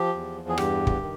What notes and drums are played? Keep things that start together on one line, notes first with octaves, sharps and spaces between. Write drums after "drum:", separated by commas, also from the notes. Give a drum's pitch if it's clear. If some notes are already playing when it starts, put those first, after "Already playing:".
Already playing: F3 G4
E2
G#4
G2 G4, drum: rim click
drum: kick
D#3